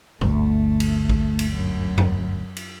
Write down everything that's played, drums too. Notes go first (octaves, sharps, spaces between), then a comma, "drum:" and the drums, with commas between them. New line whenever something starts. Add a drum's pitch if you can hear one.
G1 D2 A3, drum: tom G#2
drum: cymbal
drum: kick A1
drum: cymbal
F#2
drum: tom F2
drum: cymbal